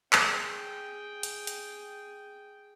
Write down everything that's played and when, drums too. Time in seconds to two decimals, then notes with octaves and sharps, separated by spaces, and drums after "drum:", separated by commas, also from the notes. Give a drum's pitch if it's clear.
0.13 G#4 G5, drum: clap
1.23 drum: hi-hat
1.47 drum: hi-hat